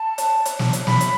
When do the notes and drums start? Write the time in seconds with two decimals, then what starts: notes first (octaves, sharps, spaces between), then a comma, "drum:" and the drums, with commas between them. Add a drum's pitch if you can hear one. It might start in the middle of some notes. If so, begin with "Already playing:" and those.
Already playing: A5
0.18 drum: hi-hat
0.45 drum: hi-hat
0.59 drum: snare
0.73 drum: hi-hat
0.87 B5, drum: snare
1.00 drum: hi-hat